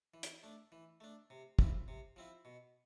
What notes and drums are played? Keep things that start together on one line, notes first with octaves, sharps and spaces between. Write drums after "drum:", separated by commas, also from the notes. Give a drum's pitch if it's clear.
E3
drum: hi-hat
A3 D4
E3
A3 D4
C3
F3 C4 E4, drum: kick
C3
F3 C4 E4
B2